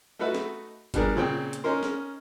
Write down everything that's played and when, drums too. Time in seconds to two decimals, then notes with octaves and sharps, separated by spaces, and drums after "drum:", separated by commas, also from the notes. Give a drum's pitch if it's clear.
0.19 A3 D#4 F#4 B4 E5
0.34 drum: snare
0.94 G3 B3 D4 G#4 A#4, drum: kick G1, hi-hat
1.15 A#2 C#3 C4 G5
1.53 drum: hi-hat
1.64 C#4 D#4 A#4 C5
1.83 drum: snare